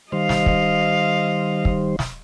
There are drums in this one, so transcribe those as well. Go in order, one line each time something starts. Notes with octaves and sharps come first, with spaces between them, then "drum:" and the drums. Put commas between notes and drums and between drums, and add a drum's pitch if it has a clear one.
D#3 G3 C5 D#5 F5
drum: snare
drum: kick
drum: kick
drum: snare